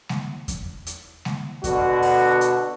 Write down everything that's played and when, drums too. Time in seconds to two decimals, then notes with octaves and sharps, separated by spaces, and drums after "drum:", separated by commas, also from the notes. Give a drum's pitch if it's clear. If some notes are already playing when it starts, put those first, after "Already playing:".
0.09 drum: snare G#3
0.48 drum: kick E2, hi-hat
0.87 drum: hi-hat
1.25 drum: snare G#3
1.64 B2 D3 F#4, drum: kick E2, hi-hat
2.02 drum: open hi-hat
2.41 drum: hi-hat